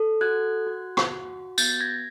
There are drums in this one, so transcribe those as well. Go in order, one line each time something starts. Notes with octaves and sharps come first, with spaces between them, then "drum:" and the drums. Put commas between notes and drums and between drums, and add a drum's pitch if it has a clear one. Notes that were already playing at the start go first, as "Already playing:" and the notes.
Already playing: A4
F#4 F#6 G#6
F#4
drum: rim click
F#4
B3 G6 A6, drum: tambourine
G#6 A#6